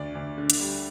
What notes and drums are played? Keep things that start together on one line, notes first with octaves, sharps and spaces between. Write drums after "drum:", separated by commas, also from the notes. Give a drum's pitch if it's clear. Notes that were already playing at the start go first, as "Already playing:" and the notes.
Already playing: D2 D5 D6
D2
D3
drum: hi-hat
G3